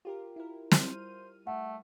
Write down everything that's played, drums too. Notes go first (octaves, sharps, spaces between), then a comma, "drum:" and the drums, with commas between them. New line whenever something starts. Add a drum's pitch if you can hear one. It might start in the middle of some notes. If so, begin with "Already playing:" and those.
F4 G4 A#4
E4 A#4
G3 C5 F6 D#7, drum: snare
A3 F#5